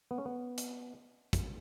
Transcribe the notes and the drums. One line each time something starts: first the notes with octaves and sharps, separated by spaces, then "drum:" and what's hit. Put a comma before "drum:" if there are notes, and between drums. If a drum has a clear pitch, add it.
B3
C#4
B3
drum: hi-hat
drum: kick, hi-hat